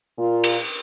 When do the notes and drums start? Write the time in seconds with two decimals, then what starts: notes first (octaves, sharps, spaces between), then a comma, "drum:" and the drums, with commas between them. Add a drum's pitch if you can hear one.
0.19 A#2 F4
0.44 drum: cymbal